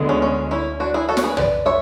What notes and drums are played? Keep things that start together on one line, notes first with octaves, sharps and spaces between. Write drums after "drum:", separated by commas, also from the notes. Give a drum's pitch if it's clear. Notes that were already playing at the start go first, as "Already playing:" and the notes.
Already playing: D2 D3 G#3 B3
C#4
C#4
C#4 E4
D4 F#4
E4 G#4
F#4 A4
C#5, drum: snare
G#4 B4
B4 D5, drum: tom
C#5 E5